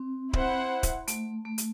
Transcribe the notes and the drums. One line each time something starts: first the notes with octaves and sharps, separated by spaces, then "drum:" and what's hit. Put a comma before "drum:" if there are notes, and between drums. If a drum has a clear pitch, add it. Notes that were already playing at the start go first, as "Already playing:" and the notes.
Already playing: C4
E4 C5 F#5, drum: kick D1
drum: kick D1, hi-hat
A3, drum: hi-hat
A3
drum: hi-hat